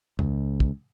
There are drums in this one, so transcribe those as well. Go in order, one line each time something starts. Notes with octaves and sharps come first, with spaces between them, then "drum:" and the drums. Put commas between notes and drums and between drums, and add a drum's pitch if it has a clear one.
C#2, drum: tom E2
drum: kick